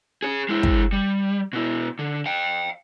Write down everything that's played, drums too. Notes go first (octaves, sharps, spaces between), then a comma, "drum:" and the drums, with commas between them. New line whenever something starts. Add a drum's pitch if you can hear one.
G#4 C#5
G#3 E4
drum: kick
G3
B2 E4
D3
F5 G5